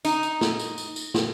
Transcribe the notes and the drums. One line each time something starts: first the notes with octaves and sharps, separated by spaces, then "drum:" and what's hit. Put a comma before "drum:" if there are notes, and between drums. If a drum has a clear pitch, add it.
D#4, drum: tambourine
drum: tambourine
drum: snare
drum: tambourine
drum: tambourine
drum: tambourine
drum: snare